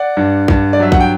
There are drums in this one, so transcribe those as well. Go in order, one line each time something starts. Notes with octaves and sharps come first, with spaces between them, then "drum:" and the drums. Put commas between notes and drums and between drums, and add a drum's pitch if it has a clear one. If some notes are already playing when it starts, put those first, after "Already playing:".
Already playing: D5 F#5
G2
G2, drum: kick A#1
D5
F#3 E5
F#5, drum: kick A#1
G5